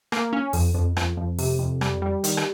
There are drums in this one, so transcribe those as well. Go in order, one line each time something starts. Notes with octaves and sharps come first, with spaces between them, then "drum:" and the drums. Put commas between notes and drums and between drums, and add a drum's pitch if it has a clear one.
A#3, drum: rim click
C#4
F2, drum: open hi-hat
F2
F2, drum: rim click
F2
C3, drum: open hi-hat
F2
G3, drum: rim click
G3
D#3, drum: hi-hat
drum: rim click